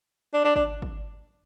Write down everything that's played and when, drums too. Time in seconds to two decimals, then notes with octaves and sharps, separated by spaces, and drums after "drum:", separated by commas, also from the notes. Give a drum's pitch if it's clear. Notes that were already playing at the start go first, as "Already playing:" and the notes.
0.34 D4
0.44 D4
0.56 D4, drum: kick
0.82 drum: kick